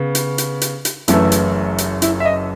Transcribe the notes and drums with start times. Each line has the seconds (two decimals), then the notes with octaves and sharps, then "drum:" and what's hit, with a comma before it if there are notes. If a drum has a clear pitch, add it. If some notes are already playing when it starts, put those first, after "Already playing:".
Already playing: C#3 B3
0.15 drum: hi-hat
0.38 drum: hi-hat
0.61 drum: hi-hat
0.85 drum: hi-hat
1.08 F#1 F#2 E3 A3 E4, drum: hi-hat
1.32 drum: hi-hat
1.78 drum: hi-hat
2.02 E4, drum: hi-hat
2.20 E5
2.25 D#5